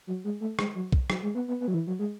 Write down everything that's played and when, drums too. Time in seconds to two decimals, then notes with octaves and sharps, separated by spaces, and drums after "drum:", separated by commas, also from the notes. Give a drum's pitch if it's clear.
0.07 F#3
0.24 G#3
0.41 A3
0.59 G#3, drum: rim click
0.75 F#3
0.92 drum: kick B1
1.10 F#3, drum: rim click
1.23 G#3
1.35 B3
1.48 B3
1.61 B3
1.68 F#3
1.74 E3
1.87 F#3
1.99 G#3